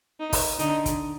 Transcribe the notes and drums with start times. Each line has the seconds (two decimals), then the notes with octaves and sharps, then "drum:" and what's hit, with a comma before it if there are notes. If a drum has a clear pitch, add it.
0.20 D#4
0.33 drum: kick, open hi-hat
0.59 D3 D#4, drum: hi-hat
0.86 drum: kick, hi-hat